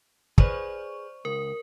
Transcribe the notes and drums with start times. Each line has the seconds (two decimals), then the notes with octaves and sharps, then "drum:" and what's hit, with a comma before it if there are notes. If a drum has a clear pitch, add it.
0.38 G#4 B4 C5 D5 C#6, drum: kick
1.25 C#2 A#4